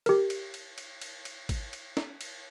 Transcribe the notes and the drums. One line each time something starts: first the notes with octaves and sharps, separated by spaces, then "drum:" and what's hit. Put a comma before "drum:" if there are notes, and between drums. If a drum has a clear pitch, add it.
G4 A#4, drum: cymbal
drum: cymbal
drum: cymbal
drum: cymbal
drum: cymbal
drum: cymbal
drum: kick G#1, cymbal
drum: cymbal
drum: snare
drum: cymbal